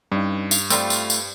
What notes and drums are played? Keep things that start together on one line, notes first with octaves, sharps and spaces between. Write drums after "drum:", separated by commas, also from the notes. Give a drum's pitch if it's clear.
G2 G3 C#4 D#4
F5, drum: tambourine
G3 A3 C4 F4 B5 F6, drum: tambourine
drum: tambourine
drum: tambourine